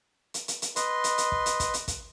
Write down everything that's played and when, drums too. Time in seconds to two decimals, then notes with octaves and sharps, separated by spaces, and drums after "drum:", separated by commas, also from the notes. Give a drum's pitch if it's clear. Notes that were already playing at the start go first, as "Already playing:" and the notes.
0.34 drum: hi-hat
0.48 drum: hi-hat
0.62 drum: hi-hat
0.76 B4 D#5 C6, drum: hi-hat
1.04 drum: hi-hat
1.18 drum: hi-hat
1.32 drum: kick
1.46 drum: hi-hat
1.60 drum: kick, hi-hat
1.74 drum: hi-hat
1.88 drum: kick, hi-hat